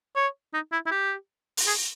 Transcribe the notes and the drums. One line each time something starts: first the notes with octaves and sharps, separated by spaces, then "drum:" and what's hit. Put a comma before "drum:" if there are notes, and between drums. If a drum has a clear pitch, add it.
C#5
D#4
E4
E4
G4
drum: open hi-hat
G#4